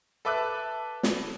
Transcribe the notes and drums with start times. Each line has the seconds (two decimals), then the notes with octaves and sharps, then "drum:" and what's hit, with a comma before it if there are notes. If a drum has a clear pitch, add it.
0.25 A4 B4 E5 D6 E6 F#6
1.03 drum: snare